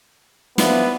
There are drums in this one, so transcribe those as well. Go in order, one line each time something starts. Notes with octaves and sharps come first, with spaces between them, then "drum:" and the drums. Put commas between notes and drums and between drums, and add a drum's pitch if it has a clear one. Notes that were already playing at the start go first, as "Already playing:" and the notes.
F3 B3 D4 E4, drum: snare